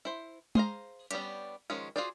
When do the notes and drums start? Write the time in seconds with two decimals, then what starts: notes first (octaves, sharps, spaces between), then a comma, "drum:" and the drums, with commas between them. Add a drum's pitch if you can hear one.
0.05 E4 C5
0.55 G#4 C5 F5 A#5, drum: tom G#3
1.11 G3 B3 C#4 D4 G4, drum: hi-hat
1.70 D#3 F3 G#3 C#4
1.96 F4 F#4 G#4 C5 D5